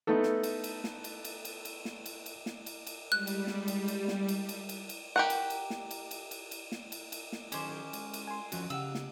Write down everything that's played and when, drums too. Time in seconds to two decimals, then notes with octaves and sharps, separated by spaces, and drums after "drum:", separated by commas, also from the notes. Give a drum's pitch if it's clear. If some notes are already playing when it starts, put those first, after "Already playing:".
0.07 A3 B3 D#4 A4
0.23 drum: snare
0.43 drum: cymbal
0.64 drum: cymbal
0.84 drum: snare
1.04 drum: cymbal
1.25 drum: cymbal
1.45 drum: cymbal
1.65 drum: cymbal
1.85 drum: snare
2.06 drum: cymbal
2.26 drum: cymbal
2.46 drum: snare
2.66 drum: cymbal
2.87 drum: cymbal
3.12 G3 G#3 F#6
3.27 drum: cymbal
3.47 drum: snare
3.68 drum: cymbal
3.88 drum: cymbal
4.08 drum: snare
4.29 drum: cymbal
4.49 drum: cymbal
4.69 drum: cymbal
4.89 drum: cymbal
5.16 G4 A#4 F#5
5.30 drum: cymbal
5.50 drum: cymbal
5.70 drum: snare
5.91 drum: cymbal
6.11 drum: cymbal
6.31 drum: cymbal
6.51 drum: cymbal
6.72 drum: snare
6.92 drum: cymbal
7.12 drum: cymbal
7.32 drum: snare
7.52 D#3 F#3 C#4 G#4 C5 G#5 D6, drum: cymbal
7.93 G#3, drum: cymbal
8.14 drum: cymbal
8.27 G#5 C6
8.52 F3 C#4 F#4, drum: cymbal
8.70 C#3 G4 F5 F#5 E6
8.95 drum: snare